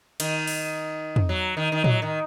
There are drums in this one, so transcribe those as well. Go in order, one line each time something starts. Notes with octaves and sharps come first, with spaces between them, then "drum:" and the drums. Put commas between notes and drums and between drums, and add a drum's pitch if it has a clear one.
D#3, drum: cymbal
drum: open hi-hat
drum: tom
F#3
D#3
D#3
F#3, drum: tom A2
D#3